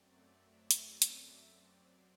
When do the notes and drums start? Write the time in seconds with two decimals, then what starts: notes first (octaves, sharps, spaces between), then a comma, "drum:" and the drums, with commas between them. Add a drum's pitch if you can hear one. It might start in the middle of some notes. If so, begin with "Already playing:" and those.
Already playing: F#2 F#3 A3 C4 D5
0.28 E5
0.71 D5, drum: hi-hat
1.02 drum: hi-hat
1.53 F#2 F#3 C4